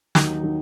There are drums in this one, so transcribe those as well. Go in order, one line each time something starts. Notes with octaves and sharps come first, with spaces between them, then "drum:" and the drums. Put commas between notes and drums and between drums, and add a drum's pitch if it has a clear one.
D#2 D#3 F#3 D#4, drum: snare
D#3 F#3